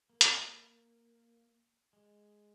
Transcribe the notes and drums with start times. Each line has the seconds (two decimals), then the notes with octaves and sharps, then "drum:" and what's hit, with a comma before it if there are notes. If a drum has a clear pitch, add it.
0.10 A#3
0.21 drum: hi-hat
1.93 G#3